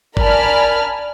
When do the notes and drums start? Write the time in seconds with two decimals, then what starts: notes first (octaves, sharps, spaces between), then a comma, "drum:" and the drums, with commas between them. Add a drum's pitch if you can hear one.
0.17 A#4 D5 G#5 A5 B5 F6, drum: kick G1